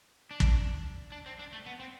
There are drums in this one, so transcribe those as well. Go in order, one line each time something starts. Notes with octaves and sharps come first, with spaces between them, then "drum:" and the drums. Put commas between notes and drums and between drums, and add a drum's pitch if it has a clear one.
D4
drum: kick
D4
C4
D4
A3
B3
C4